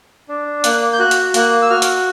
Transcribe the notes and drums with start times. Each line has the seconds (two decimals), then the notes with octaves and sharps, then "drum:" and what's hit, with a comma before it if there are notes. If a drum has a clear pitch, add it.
0.29 D4
0.64 A#3 F#6, drum: hi-hat
0.93 G6
0.99 F#4 F#6
1.11 drum: hi-hat
1.34 A#3 F#6, drum: hi-hat
1.62 E6
1.70 F#4 F6
1.82 drum: hi-hat